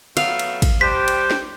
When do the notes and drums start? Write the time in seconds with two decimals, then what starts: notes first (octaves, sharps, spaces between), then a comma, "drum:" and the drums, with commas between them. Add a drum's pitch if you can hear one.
0.17 F#3 A3 B3 F5, drum: cymbal
0.39 drum: cymbal
0.62 drum: kick, cymbal
0.81 G3 D4 G4 C5 B6
1.08 drum: cymbal
1.31 drum: snare